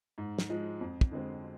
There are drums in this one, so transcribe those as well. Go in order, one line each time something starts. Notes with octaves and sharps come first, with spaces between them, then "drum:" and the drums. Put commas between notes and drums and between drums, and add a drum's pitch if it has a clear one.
G#2
drum: snare
F3 G#3
F2
drum: kick
D3 G#3 C4